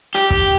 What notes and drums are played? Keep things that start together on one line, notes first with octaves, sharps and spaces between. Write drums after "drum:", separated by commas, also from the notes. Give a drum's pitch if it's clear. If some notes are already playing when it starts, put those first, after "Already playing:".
G4, drum: hi-hat
drum: kick